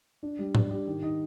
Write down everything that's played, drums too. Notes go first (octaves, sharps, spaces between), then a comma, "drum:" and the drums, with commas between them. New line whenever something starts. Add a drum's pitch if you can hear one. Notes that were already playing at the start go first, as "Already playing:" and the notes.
D4
G3
D4, drum: tom G#2
G4
D#3
D#4